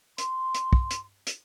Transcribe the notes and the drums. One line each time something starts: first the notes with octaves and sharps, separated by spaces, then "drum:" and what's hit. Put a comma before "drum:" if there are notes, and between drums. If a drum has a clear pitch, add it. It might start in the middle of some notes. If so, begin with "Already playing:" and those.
C6, drum: hi-hat
drum: hi-hat
drum: kick
drum: hi-hat
drum: hi-hat